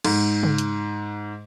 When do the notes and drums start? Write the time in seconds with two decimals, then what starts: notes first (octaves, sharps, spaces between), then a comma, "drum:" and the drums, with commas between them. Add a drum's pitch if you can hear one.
0.05 G#2, drum: cymbal
0.43 drum: tom C#3
0.58 drum: hi-hat